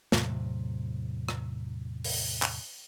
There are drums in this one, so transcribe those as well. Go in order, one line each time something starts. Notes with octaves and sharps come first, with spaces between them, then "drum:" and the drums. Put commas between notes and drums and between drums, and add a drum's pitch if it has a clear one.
E2 A2 C3 F#3, drum: snare
drum: rim click
drum: open hi-hat
drum: clap